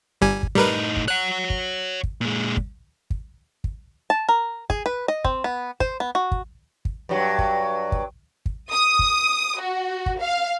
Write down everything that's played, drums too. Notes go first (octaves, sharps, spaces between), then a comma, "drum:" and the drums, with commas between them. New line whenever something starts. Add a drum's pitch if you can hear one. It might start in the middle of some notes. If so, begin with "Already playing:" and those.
G1 G3 G#5
drum: kick
A2 G3 D#4 A#4 B4
drum: kick
C#5 F#5 F#6
drum: kick
drum: kick
A#2 G#3
drum: kick
drum: kick
drum: kick
A5
A#4
G#4, drum: kick
B4
D#5
C4, drum: kick
B3
C5, drum: kick
B3
F#4
drum: kick
drum: kick
G2 F#3
drum: kick
drum: kick
drum: kick
D#6
drum: kick
F#4
drum: kick
F5